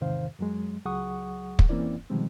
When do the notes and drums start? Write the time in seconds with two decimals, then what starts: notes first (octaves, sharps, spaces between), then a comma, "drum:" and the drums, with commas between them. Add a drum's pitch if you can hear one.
0.01 E2 G#2 C3 D#3 C5 F5
0.39 F#2 F#3 G#3
0.85 C#2 F#3 G#4 F#5 C#6 D#6
1.59 drum: kick
1.69 E3 A#3 C4 C#4 E4 D5
2.10 B2 D#3 F3 G3 G#3 C4